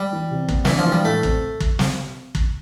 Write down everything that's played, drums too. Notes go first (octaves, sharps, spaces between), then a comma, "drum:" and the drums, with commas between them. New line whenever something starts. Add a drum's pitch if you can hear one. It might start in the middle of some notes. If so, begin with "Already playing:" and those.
Already playing: G3
E3
C3
B3, drum: kick
E3 D4, drum: snare
F3
E3
G3
A2 A3
C4, drum: kick
drum: kick
drum: snare
drum: kick